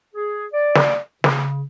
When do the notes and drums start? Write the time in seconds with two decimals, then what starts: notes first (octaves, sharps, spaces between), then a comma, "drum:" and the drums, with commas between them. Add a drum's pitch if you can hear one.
0.15 G#4
0.53 D5
0.75 drum: snare
1.24 C#3, drum: snare